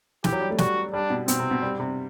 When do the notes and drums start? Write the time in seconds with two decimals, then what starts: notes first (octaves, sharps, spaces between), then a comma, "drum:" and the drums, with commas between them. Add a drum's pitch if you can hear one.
0.24 E3 G4, drum: snare
0.32 F#3
0.41 G3
0.50 A3
0.58 G3 F#4, drum: snare
0.93 G3 D4
1.10 B2
1.28 B2 C4, drum: hi-hat
1.40 C3
1.51 B2
1.62 G3
1.80 C3